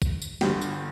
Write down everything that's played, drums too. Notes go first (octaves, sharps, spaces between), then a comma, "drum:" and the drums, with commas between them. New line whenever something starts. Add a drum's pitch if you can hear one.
drum: kick, tambourine
drum: tambourine
G1 G2 D3 G3 G4, drum: snare
drum: tambourine